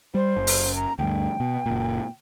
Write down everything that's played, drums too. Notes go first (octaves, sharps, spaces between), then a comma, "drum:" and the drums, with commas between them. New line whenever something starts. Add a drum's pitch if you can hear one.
G3 C5
F#1
drum: open hi-hat
A#5
D2 G2 G5
B2
F#1 A#2